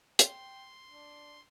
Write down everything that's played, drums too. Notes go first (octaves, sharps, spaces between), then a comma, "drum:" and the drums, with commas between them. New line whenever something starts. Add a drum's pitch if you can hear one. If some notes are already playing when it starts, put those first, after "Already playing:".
G5 C6, drum: hi-hat
D4